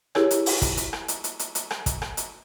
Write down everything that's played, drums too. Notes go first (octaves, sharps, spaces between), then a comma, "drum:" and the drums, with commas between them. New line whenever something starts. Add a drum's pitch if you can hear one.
E4 G4 G#4 A#4 C#5, drum: rim click
drum: hi-hat
drum: open hi-hat
drum: kick, hi-hat
drum: hi-hat
drum: rim click
drum: hi-hat
drum: hi-hat
drum: hi-hat
drum: hi-hat
drum: rim click
drum: kick, hi-hat
drum: rim click
drum: hi-hat